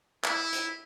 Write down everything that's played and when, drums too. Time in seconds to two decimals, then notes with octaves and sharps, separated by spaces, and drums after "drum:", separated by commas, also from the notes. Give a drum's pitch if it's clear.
0.25 E4, drum: clap
0.53 drum: hi-hat